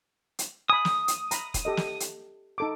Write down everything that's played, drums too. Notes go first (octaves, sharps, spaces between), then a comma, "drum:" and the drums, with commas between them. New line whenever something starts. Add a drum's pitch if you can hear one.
drum: hi-hat
G#5 B5 D#6
drum: snare
drum: hi-hat
A#5 B5, drum: hi-hat
drum: kick E1, hi-hat
G4 A4 D#5
drum: snare
drum: hi-hat
D#4 A4 D6